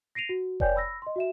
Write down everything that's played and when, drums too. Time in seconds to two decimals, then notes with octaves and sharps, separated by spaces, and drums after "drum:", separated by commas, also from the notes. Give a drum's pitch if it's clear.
0.15 A#6 C7 D7 D#7 F7
0.29 F#4
0.60 B4 C#5 D5 G5 G#5 G6, drum: kick F1
0.76 B5 E6 A#6
1.02 D#5 C6
1.16 F#4 E5 E7